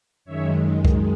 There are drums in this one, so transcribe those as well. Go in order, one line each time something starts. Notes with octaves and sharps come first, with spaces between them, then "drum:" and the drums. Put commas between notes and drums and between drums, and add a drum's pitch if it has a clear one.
F#2 D#3 G#3 C#5 E5
drum: kick C2